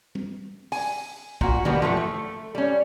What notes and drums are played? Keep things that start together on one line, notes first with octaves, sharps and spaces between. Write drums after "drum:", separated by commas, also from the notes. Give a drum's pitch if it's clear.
drum: tom G3
G#5, drum: open hi-hat
A#2 F#4, drum: kick
B2 E3 G3 A#3 B3, drum: tom
F3 F#3 A3 G4, drum: tom G2
A3
G3 C#4